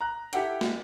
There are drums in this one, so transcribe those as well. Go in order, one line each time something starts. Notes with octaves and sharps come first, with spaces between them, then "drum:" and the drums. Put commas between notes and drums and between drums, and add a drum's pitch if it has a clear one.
A#5 F#6
E4 G4 A4 E5 F#5 G5, drum: hi-hat
drum: snare